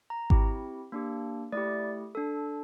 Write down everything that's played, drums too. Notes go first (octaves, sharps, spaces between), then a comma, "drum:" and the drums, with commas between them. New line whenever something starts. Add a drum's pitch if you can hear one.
A#5
C4 E4 G4, drum: kick G#1
A#3 D4 G4
A3 E4 G4 D5
D4 A4